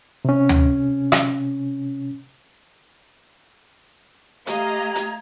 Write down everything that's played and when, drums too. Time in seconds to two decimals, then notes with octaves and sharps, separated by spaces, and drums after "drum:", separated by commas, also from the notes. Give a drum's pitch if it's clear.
0.25 C3 C#4
0.49 drum: tom D2
1.12 drum: rim click
4.47 A3 G4 D#5 F5 A#5 G#6, drum: hi-hat
4.95 drum: hi-hat